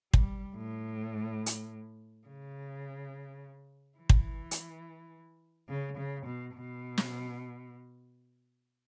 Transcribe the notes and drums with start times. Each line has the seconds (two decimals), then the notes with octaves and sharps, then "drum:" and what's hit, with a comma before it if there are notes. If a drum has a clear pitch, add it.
0.14 G3, drum: kick
0.56 A2
1.46 drum: hi-hat
2.28 C#3
3.98 E3
4.10 drum: kick
4.51 drum: hi-hat
5.69 C#3
5.98 C#3
6.26 B2
6.55 B2
6.98 drum: snare